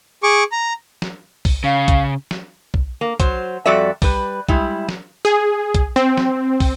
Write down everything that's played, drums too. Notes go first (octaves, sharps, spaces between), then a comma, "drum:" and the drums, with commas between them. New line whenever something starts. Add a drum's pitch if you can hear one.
G#4 C#6 D6
A#5
drum: snare
drum: kick, open hi-hat
C#3 F5
drum: kick, hi-hat
drum: snare
drum: kick
A#3
F#3 C5, drum: kick, hi-hat
F2 G3 F#4 A4 D5 E5
G3 B4, drum: kick, open hi-hat
G3 G#3 E4, drum: kick
drum: snare
G#4
drum: kick, hi-hat
C4
drum: snare
drum: kick, open hi-hat